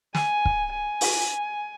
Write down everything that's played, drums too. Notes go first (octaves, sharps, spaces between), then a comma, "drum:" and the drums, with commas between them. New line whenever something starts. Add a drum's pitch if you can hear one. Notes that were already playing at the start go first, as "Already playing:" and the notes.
G#5, drum: snare
drum: kick
G#5
drum: open hi-hat